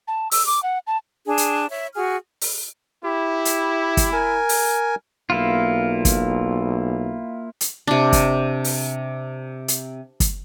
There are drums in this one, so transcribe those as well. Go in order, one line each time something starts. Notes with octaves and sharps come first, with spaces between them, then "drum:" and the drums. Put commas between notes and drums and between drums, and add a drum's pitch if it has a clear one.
A5
E6, drum: open hi-hat
D6
F#5
A5
D4 G#4
drum: hi-hat
C#5 E5
F#4 G#4 F6
drum: open hi-hat
E4 G4
drum: hi-hat
drum: kick, hi-hat
A#4 G#5
drum: open hi-hat
B1 A#3 E4 F4
drum: kick, hi-hat
drum: hi-hat
C3 D4
drum: kick, hi-hat
drum: open hi-hat
drum: hi-hat
drum: kick, hi-hat